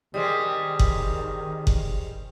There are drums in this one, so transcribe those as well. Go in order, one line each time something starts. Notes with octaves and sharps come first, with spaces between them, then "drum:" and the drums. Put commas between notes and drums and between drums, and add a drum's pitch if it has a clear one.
D#3 G3 G#3 C4 D#6
drum: kick F#1
drum: kick F#1